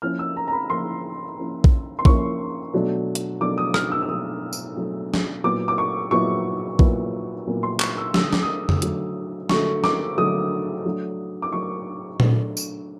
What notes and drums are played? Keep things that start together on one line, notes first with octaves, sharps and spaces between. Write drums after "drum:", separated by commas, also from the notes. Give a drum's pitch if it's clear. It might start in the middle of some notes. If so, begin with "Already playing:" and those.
F3 A#3 C#4 E4 F6
E6
A#5
A#5
B5
F3 A#3 C#4 E4 C6
F3 A#3 C#4 E4
drum: kick A#1
C6
F3 A#3 C#4 E4 C#6, drum: kick A#1
B2 F#3 A3 D4
drum: hi-hat
B2 F#3 A3 D4 D6
D#6
F6, drum: rim click
E6
E6
B2 F#3 A3 D4 D#6
drum: tambourine
B2 F#3 A3 D4
drum: snare
A#2 F#3 B3 E4 D6
D6
C#6
A#2 F#3 B3 E4 C#6
A#2 F#3 B3 E4, drum: kick A#1
A#2 F#3 B3 E4
C6
C#6, drum: clap
E6
D3 F#3 A3 E6, drum: snare
D#6
D6, drum: snare
D#6
drum: tom
D3 F#3 A3, drum: hi-hat
D3 F#3 A3 C#6, drum: snare
D6, drum: snare
D3 F#3 A3 D#6
F#3 A3 D4
D6
F#3 A3 D4 C#6
F#3 A3 D4, drum: tom A#2
drum: tambourine